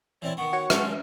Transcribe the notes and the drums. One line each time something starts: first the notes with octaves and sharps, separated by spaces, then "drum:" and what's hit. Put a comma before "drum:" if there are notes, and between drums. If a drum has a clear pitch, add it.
E3 C4 E4 C#5 D5
D#3 B3 F#5 C#6
F#4 C#5 C#7
G#3 F4 A4, drum: rim click